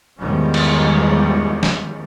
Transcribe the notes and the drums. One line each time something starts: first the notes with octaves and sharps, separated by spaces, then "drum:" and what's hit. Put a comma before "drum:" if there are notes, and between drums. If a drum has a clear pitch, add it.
E2 G#2 D#3 F3 G3 C#4
drum: cymbal
drum: snare